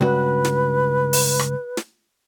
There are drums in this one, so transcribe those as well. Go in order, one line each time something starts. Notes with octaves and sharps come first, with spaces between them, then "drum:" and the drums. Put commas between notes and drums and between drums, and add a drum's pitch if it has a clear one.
C#2 G2 F#4 B4
drum: snare
drum: open hi-hat
drum: rim click
drum: snare